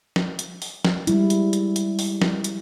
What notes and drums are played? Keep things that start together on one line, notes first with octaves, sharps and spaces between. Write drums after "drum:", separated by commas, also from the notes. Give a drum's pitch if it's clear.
drum: snare
drum: hi-hat
drum: open hi-hat
drum: snare
G3 G#3 E4, drum: hi-hat
drum: hi-hat
drum: hi-hat
drum: hi-hat
drum: open hi-hat
drum: snare
drum: hi-hat